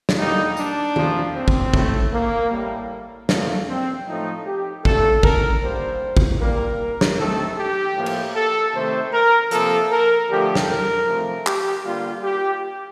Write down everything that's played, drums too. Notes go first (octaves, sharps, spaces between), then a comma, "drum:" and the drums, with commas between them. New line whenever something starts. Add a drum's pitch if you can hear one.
drum: snare
D3 G3 A#3 D#4
D4, drum: tambourine
A#2 F3 A3, drum: tom D#3
C4
drum: kick
A2 A3, drum: kick
A#3
A2 G3 A#3
D3 F3 A3 A#3, drum: snare
C4
A2 F3 A3 D#4
G4
A#2 A3 A4, drum: kick
A#4, drum: kick
D3 G3 A#3 C5
drum: kick
A#2 G3 A#3 A#4
drum: snare
C3 D#3 A3 A4
G4
A2 F3 A#3
drum: cymbal
A4
C3 D#3 A3 C5
A#4
C3 F3 A#3 A4, drum: hi-hat
A#4
D3 F3 A3 G4
drum: snare
A#4
C3 F3 A3
G4, drum: clap
D3 G3 A#3 F4
G4